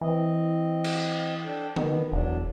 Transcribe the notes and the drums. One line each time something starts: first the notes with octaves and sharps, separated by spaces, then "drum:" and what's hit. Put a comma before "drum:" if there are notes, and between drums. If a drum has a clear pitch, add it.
E3 C4 D#5
drum: cymbal
D4 A4 G5
B2 D#3 B3, drum: tom D3
E1 F#3 D4